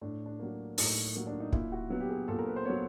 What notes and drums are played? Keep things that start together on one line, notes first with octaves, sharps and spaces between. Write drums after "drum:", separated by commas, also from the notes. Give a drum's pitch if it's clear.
A2 D4
D4
F#3 A#3
A2 D#4, drum: open hi-hat
F#3 A#3
D4
D#4
A#2 E4, drum: kick
F#4
F#3 B3
G4
G#4
A#2 A4
A#4
B4
C5
F#3 B3 C#5